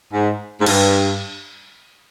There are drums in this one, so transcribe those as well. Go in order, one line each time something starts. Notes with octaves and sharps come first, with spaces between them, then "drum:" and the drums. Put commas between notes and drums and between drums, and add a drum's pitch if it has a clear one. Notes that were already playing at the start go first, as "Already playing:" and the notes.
G#2
G#2
G2, drum: cymbal